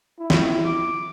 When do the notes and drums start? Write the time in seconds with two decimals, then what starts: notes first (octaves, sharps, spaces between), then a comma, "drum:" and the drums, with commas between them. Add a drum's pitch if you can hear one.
0.19 E4
0.30 drum: snare
0.66 D6